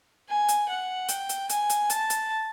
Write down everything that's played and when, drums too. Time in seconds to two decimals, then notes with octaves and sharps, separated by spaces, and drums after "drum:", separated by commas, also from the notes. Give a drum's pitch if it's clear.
0.29 G#5
0.48 drum: hi-hat
0.69 F#5
1.08 G5, drum: hi-hat
1.29 drum: hi-hat
1.49 G#5, drum: hi-hat
1.69 drum: hi-hat
1.90 A5, drum: hi-hat
2.10 drum: hi-hat